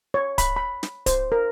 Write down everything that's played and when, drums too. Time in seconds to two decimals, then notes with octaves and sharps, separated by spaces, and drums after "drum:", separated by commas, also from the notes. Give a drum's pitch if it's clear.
0.14 C#5
0.38 B5, drum: kick D1, hi-hat
0.57 B5
0.83 drum: snare
1.06 C5, drum: kick D1, hi-hat
1.32 A#4